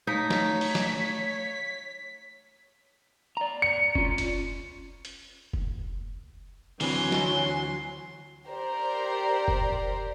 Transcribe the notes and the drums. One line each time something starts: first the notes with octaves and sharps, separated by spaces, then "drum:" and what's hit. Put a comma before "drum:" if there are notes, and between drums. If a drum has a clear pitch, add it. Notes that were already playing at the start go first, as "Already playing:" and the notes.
A3 D#4 C#5 F5 B6
drum: snare
drum: open hi-hat
drum: snare
D5 A#5
C#7
C#4 F4, drum: kick
drum: hi-hat
drum: hi-hat
drum: kick
D2 E3 F#3 C4 G#5 C6, drum: open hi-hat
drum: snare
G4 A#4 C5 D5
drum: kick